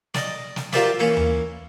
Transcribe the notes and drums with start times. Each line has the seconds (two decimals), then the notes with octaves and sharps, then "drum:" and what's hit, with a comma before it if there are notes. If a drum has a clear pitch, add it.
0.14 D5 D#5, drum: snare
0.56 drum: snare
0.73 F4 G4 A#4 C5 D5 E5, drum: snare
0.99 E3 A#3 C#4
1.17 drum: tom D#2